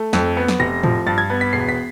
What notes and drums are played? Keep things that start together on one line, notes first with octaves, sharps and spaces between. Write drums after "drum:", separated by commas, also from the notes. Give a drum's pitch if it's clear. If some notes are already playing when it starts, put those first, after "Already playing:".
Already playing: A3
F2, drum: snare
B3
drum: snare
F1 A#6
F3, drum: tom A2
G2 A6
G#6
B3
B6
E1 C7
B6